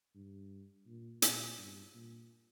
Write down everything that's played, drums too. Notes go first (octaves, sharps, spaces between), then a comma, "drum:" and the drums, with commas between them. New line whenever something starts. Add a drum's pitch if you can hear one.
G2
A#2
A#2, drum: hi-hat
G2
A#2